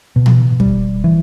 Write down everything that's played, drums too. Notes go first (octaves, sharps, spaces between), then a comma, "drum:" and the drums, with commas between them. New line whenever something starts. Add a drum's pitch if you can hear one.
B2
drum: tom
G3, drum: kick
E3